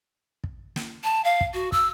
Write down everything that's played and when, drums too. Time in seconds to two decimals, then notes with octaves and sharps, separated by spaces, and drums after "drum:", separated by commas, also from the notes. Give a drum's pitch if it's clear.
0.44 drum: kick
0.76 drum: snare
1.04 A5
1.24 F5
1.41 drum: kick
1.54 F#4
1.72 E6, drum: kick